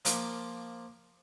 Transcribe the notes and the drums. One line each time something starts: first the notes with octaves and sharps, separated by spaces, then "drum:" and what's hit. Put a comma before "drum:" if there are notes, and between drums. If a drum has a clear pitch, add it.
F3 A#3 D6, drum: hi-hat